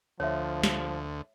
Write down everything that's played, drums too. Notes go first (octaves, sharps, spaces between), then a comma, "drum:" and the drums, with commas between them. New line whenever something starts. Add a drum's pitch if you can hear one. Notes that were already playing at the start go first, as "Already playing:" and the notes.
D2 F3 C#5 E5
drum: snare